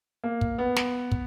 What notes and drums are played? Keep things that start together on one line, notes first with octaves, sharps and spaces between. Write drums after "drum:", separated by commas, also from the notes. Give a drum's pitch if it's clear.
A#3
drum: kick
B3
drum: snare
drum: kick